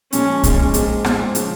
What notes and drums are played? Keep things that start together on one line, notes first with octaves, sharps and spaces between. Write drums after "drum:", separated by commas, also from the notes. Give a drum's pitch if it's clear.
A#2 F3 G#3 C#4, drum: hi-hat
A#2 F3 G#3, drum: kick, hi-hat
A#2 G#3 C4, drum: hi-hat
A#2 G#3 C4, drum: rim click
C#3 F3, drum: hi-hat